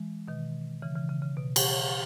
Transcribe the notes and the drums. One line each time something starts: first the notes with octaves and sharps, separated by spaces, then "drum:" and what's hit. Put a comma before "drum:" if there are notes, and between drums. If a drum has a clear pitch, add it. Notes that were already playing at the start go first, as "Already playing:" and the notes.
Already playing: E3 G#3
B2 D#3
C#3 E3
C#3 E3
C#3
C#3
B2
drum: cymbal